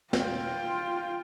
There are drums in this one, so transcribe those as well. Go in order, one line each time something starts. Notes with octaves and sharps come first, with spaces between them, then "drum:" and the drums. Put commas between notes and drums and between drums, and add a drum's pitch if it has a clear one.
F4 G5, drum: snare